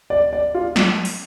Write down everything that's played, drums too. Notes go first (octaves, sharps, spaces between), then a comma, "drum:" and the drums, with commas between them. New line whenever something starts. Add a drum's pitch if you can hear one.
D5
D5
F4
drum: snare
drum: open hi-hat